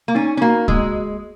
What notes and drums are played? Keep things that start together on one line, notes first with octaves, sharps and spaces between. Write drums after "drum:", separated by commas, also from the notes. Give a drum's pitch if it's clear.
A#3
C#4 D#4
C#4
A#3 F#4
G#3 A#3, drum: kick